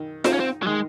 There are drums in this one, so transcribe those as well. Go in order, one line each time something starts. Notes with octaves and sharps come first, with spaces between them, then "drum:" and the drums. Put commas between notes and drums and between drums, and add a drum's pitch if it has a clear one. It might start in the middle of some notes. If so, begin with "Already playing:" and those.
Already playing: D#3
C4 D#4, drum: snare F4
C#4
C4
F#3
D#3 G#3